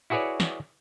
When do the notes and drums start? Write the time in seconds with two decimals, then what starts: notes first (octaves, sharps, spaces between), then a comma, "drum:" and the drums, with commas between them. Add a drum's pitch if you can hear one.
0.10 E4 F#4 G#4 B4 C#5 D5
0.40 drum: snare